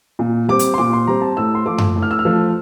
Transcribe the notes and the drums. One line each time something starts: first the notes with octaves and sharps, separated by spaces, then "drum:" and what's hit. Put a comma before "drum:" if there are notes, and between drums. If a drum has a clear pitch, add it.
A#2
G3 C4 D6
drum: hi-hat
C6
A#2 D6
C6
G3 C4 A#5
A5
A2 E6
C6
F3 A3 D6
drum: tom F#2
A2
F6
E6
F6
F3 A3